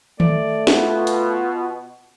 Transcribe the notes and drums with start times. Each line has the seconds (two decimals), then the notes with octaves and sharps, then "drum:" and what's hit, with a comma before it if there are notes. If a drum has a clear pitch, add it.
0.20 A3 D5, drum: tom D#3
0.67 B2 B3 F4, drum: snare
1.07 drum: hi-hat